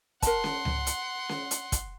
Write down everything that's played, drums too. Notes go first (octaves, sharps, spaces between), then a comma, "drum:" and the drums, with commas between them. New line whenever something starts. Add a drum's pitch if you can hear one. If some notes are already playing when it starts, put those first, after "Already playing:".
A#4 F#5 A5 C6, drum: kick, hi-hat
drum: snare C#4
drum: tom C#2
drum: hi-hat
drum: snare C#4
drum: hi-hat
drum: kick, hi-hat